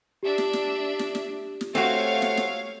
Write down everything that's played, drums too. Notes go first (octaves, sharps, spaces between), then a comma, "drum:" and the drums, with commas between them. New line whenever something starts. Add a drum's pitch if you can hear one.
D4 G4 E5
drum: snare
drum: snare
drum: snare
drum: snare
drum: snare
A3 C4 F#4 C#5 F5, drum: snare
drum: snare
drum: snare